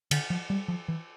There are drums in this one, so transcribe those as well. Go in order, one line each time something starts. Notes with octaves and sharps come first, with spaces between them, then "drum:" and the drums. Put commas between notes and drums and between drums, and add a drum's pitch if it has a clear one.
D3, drum: cymbal
F3
G3
F3
E3